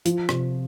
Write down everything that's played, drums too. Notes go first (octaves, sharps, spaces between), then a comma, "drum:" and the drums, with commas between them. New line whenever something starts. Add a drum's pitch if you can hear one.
F3, drum: hi-hat
C3, drum: rim click